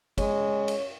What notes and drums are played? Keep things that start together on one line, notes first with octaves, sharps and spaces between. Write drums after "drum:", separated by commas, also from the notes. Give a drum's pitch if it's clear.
G#3 C#4, drum: kick G1, cymbal
drum: cymbal